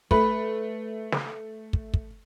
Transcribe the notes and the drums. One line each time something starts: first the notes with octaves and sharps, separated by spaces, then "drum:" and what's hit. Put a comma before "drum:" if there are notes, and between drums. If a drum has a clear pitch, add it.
A3 B4 B5, drum: kick
drum: snare
drum: kick
drum: kick